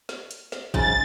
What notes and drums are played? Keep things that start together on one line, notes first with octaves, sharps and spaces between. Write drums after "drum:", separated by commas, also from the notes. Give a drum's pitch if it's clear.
drum: snare
drum: hi-hat
drum: snare
G#2 C#3 A6, drum: kick